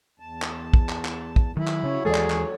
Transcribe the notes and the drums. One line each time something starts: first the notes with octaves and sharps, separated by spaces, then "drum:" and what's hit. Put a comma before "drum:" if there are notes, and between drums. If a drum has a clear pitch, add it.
E2 A5
drum: clap
drum: kick
drum: clap
drum: clap
drum: kick
D#3 F#3 E4
drum: clap
C#3 F#3 C#4 C#5
D#2 E3 G#3 G#4 A4 D5
drum: clap
drum: clap